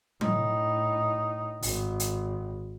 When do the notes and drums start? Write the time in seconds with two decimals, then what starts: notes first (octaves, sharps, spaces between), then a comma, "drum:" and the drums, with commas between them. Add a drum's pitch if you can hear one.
0.21 A2 D#4, drum: tom F#3
1.63 G#1, drum: open hi-hat
2.00 drum: hi-hat